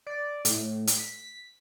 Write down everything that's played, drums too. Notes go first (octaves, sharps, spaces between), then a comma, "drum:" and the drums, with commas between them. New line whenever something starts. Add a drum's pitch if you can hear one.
D5
A2, drum: hi-hat
drum: hi-hat
B6